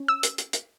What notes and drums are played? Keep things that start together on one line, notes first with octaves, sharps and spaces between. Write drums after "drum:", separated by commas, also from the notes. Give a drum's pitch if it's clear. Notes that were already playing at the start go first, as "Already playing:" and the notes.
Already playing: C#4
E6
drum: hi-hat
drum: hi-hat
drum: hi-hat